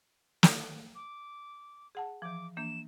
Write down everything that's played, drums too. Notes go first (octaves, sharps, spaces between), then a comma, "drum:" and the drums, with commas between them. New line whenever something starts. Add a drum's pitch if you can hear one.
drum: snare
D6
G#4 F#5 A5
E3 F3 D6
E3 A#3 D4 E7